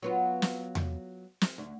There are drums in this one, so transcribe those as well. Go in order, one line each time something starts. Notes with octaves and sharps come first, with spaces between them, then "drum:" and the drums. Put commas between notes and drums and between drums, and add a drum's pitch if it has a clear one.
F#3 B3 F4
drum: snare
drum: tom E2
drum: snare
D2